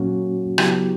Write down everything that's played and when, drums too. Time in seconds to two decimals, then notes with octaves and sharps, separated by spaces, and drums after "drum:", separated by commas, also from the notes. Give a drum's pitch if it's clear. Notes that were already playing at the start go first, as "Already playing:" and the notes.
Already playing: A#2 F#3 A#3 C#4 F#4
0.58 C#3 F#3 B3 E4 G4, drum: rim click